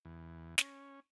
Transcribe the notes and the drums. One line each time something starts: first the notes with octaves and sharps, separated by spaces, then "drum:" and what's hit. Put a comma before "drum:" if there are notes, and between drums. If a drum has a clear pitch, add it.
E2
C#4, drum: snare